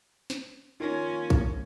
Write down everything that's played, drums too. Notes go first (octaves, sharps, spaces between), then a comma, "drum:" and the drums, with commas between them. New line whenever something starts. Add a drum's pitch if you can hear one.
drum: snare
D#3 A#3 C#4 F4 A#6
drum: kick A1